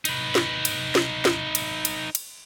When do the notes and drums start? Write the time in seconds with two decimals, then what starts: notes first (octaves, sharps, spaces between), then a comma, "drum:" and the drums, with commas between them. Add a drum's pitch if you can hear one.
0.05 D#4 B4, drum: cymbal
0.35 drum: snare
0.65 drum: cymbal
0.95 drum: snare
1.25 drum: snare
1.55 drum: cymbal
1.85 drum: cymbal
2.15 drum: cymbal